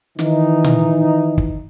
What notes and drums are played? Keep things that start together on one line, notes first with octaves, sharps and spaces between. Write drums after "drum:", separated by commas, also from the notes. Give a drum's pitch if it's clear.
D#3 E3 D#4, drum: snare
drum: tom A#2
drum: kick